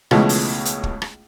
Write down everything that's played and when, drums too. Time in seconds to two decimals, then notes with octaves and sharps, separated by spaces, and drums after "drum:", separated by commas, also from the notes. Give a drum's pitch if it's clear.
0.11 C#2 B2 E3 F3 G#3 A3, drum: rim click
0.29 drum: open hi-hat
0.65 drum: hi-hat
0.83 drum: kick
1.02 drum: rim click